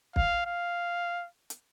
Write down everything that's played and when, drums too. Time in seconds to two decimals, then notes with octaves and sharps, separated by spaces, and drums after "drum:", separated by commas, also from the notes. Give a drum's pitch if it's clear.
0.16 F5, drum: kick
0.46 F5
1.50 drum: hi-hat